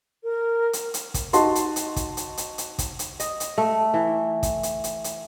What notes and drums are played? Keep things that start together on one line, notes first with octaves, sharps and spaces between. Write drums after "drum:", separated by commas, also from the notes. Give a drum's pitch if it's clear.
A#4
drum: hi-hat
drum: hi-hat
drum: kick, hi-hat
D#4 F#4 D#5 A5 C6, drum: hi-hat
drum: hi-hat
drum: hi-hat
drum: kick, hi-hat
drum: hi-hat
drum: hi-hat
drum: hi-hat
drum: kick, hi-hat
drum: hi-hat
D#5, drum: hi-hat
drum: hi-hat
A3
E3
drum: kick, hi-hat
drum: hi-hat
drum: hi-hat
drum: hi-hat